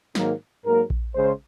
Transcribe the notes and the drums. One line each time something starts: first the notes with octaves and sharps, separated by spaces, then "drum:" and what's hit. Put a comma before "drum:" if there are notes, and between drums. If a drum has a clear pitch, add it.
G#2 D#3 F#3 A#3 A#4, drum: snare
G#2 F#3 A#3 A#4
drum: kick A#1
C#3 G#3 C5